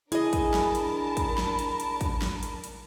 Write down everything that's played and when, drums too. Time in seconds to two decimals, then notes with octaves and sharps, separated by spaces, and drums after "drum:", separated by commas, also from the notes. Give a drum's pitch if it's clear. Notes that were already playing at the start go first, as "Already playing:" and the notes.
0.12 D4 E4 G#4 A#4 D#5 A5 B5, drum: hi-hat
0.33 drum: kick, hi-hat
0.54 drum: snare
0.75 drum: hi-hat
1.17 drum: kick, hi-hat
1.38 drum: snare
1.59 drum: hi-hat
1.80 drum: hi-hat
2.01 drum: kick, hi-hat
2.22 drum: snare
2.43 drum: hi-hat
2.64 drum: hi-hat